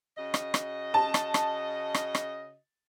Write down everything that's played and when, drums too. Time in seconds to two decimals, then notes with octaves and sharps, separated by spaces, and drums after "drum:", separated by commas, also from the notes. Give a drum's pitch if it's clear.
0.18 C#3 F#4 D#5
0.34 drum: rim click
0.54 drum: rim click
0.94 A5
1.14 drum: rim click
1.34 drum: rim click
1.94 drum: rim click
2.15 drum: rim click